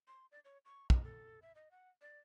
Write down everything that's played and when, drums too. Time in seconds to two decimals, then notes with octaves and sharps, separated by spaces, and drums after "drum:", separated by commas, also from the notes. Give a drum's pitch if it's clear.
0.07 C6
0.32 D5
0.45 C#5
0.65 C#6
0.90 D#5, drum: kick
1.04 A4
1.42 E5
1.55 D#5
1.71 F#5
2.01 D5